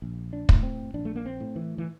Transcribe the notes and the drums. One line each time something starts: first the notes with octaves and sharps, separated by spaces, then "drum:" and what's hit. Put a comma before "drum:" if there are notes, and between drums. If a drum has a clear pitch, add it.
A#1
D4
A2, drum: kick
C4
A#1 D4
A3
A#3
C4
A2
E3
E3